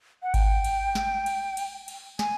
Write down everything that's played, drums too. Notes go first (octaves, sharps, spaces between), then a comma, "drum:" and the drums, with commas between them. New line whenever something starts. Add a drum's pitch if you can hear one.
F#5
G5, drum: kick G#1, cymbal
drum: cymbal
drum: snare
drum: cymbal
drum: cymbal
drum: cymbal
G#5, drum: snare